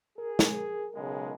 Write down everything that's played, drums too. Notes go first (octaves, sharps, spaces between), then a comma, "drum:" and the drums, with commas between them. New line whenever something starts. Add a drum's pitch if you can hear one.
G#4 A#4
drum: snare
B1 C#3 G#3